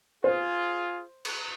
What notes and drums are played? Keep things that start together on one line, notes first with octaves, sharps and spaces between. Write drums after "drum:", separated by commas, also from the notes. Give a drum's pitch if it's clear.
F4 G#4 C5
drum: cymbal